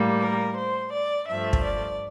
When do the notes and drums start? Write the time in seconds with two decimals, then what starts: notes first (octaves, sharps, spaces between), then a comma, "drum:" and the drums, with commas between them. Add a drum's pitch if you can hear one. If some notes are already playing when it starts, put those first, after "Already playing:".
Already playing: A2 G3 A#3
0.21 A#4
0.56 C5
0.92 D5
1.28 G2 F3 A3 E5
1.53 drum: kick
1.64 D5